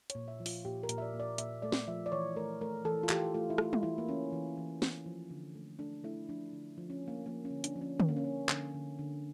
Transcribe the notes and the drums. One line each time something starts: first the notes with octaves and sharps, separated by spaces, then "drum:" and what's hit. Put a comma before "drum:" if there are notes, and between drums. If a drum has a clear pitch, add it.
C#5, drum: hi-hat
A#2
E5
F3
F4, drum: open hi-hat
A#2 G4
A#4
A#2, drum: hi-hat
E5
D5
A#2
D5
A#2 E5, drum: hi-hat
A3 D5
drum: snare
F3 E5
D5
E3 C#5
A3 A#4
A3 A#4
E3 A4
F4
E3 G4, drum: clap
A3 F4
E4
A3 F4, drum: rim click
drum: tom G3
E3 E4
A#3
E3 C#4
E3
E3
E3, drum: snare
F3
D3
A3
A3 D4
A3 E4
F3 D4
D3
F3
C#4
A3
A#3
F3 A#3
C#4
D3
D4, drum: hi-hat
F3
C#4
D3 C#4, drum: tom D3
A#3
C#4
A#3
D3, drum: clap
D3
D3